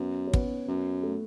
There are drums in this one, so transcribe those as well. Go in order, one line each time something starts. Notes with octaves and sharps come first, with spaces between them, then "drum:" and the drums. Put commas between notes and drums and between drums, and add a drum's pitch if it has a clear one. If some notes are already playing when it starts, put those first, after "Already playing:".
Already playing: F#2 B3
C#4
B3, drum: kick
F#2
A3